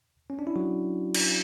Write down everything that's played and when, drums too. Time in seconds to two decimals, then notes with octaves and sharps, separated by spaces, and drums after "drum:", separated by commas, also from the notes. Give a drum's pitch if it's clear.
0.30 C#4
0.39 D4
0.47 E4
0.56 F#3 F#4
1.14 drum: cymbal